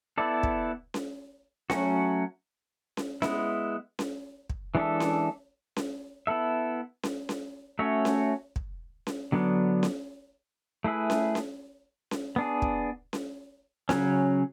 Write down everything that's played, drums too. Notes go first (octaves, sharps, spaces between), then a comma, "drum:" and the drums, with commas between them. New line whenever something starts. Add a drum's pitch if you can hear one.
B3 E4 A4 D5
drum: kick
drum: snare C#4
F#3 A3 C#4 F#4, drum: snare C#4
drum: snare C#4
G#3 B3 E4, drum: snare C#4
drum: snare C#4
drum: kick
E3 G#3 D4 A4 E5
drum: snare C#4
drum: snare C#4
B3 E4 A4 E5
drum: snare C#4
drum: snare C#4
A3 C#4 F#4 C#5 E5
drum: snare C#4
drum: kick
drum: snare C#4
D3 F#3 B3 D4
drum: snare C#4
A3 E4 G#4 B4 E5
drum: snare C#4
drum: snare C#4
drum: snare C#4
B3 D4 G#4
drum: kick
drum: snare C#4
C#3 F#3 C#4, drum: snare C#4